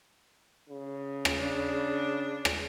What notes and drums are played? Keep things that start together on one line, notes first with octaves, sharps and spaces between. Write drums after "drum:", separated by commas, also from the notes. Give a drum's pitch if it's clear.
C#3
drum: rim click
D4
drum: rim click